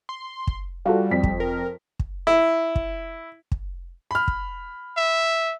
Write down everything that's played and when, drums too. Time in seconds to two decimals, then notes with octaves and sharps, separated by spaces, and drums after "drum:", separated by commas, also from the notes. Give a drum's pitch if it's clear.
0.09 C6
0.47 drum: kick
0.85 G3 F4 F#4 A4
1.11 F2 B6
1.23 drum: kick
1.40 A#4
1.99 drum: kick
2.27 E4
2.76 drum: kick
3.52 drum: kick
4.11 B5 F6
4.28 drum: kick
4.97 E5